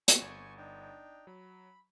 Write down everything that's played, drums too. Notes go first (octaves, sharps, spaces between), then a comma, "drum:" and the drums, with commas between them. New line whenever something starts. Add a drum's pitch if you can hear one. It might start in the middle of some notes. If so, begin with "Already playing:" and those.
D#5 G#5 C#6, drum: hi-hat
G1
D4 D#4 G5
F#3 B5